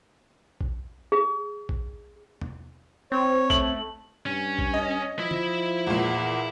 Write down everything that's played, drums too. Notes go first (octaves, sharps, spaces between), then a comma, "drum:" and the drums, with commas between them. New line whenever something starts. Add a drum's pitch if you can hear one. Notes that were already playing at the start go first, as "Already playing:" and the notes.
drum: kick A1
G#4
drum: kick A1
drum: tom E2
C4 C#5
A3 F#7, drum: kick A1
G2 C#4
drum: kick A1
D#5
F3 E4 E5
drum: tom
E2 A#2